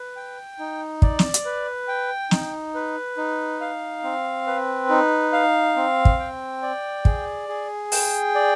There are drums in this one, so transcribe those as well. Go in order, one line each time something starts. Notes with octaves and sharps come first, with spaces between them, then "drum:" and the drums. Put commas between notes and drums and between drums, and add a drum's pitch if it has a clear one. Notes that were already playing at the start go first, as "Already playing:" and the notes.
Already playing: B4
G5
D#4
D5, drum: kick
drum: snare
drum: hi-hat
B4
G5
D#4, drum: snare
B4
D#4
F5
C4
B4
D#4
F5
C4
drum: kick
G5
D5
G#4, drum: kick
G#4
G5, drum: open hi-hat
D5